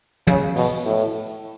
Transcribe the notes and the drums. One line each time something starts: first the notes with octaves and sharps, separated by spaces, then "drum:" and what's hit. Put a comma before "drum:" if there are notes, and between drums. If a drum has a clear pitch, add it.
C#3, drum: tom
B2, drum: open hi-hat
A2